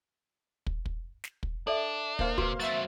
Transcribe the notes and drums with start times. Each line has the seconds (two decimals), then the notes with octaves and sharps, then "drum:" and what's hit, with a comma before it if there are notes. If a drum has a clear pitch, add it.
0.66 drum: kick
0.86 drum: kick
1.24 drum: snare
1.43 drum: kick
1.67 D4 A4 D5 E5
2.19 A#3 C5 F5, drum: kick
2.38 C3 F#4 B4, drum: kick
2.60 F#3 C4 E5 A6